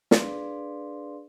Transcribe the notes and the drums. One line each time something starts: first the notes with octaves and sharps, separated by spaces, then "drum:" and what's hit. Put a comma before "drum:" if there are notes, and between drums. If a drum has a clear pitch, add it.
D4 G#4 B4 D5 F5 C6, drum: snare